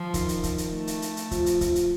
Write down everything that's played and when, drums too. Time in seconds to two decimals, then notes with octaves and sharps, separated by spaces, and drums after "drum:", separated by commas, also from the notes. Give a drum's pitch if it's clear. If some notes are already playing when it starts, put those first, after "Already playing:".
Already playing: F3
0.14 D#3, drum: kick C#1, hi-hat
0.29 drum: hi-hat
0.43 drum: kick C#1, hi-hat
0.58 drum: hi-hat
0.73 A3
0.87 drum: hi-hat
1.02 drum: hi-hat
1.17 drum: hi-hat
1.31 F3, drum: kick C#1, hi-hat
1.46 drum: hi-hat
1.61 F3, drum: kick C#1, hi-hat
1.75 drum: hi-hat